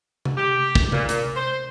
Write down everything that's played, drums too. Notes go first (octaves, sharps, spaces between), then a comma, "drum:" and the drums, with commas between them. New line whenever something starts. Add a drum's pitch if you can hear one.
drum: tom C3
G4
drum: kick
A#2, drum: tom C3
drum: hi-hat
C5